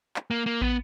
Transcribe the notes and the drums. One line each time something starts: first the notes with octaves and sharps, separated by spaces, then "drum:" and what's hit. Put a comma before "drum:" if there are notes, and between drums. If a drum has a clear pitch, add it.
drum: clap
A#3
A#3
B3, drum: kick